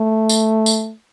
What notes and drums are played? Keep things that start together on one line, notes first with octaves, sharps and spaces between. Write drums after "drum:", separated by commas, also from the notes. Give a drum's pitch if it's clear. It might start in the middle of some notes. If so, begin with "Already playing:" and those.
Already playing: A3
drum: tambourine
drum: tambourine